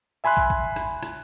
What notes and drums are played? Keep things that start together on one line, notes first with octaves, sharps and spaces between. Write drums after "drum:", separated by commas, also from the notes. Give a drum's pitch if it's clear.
E5 G#5 B5 C6 F#6
drum: kick
drum: kick
drum: rim click
drum: rim click